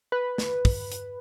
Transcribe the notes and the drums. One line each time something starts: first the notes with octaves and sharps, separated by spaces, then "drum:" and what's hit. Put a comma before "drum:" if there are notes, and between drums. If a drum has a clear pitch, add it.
B4
drum: snare
drum: kick, open hi-hat
drum: hi-hat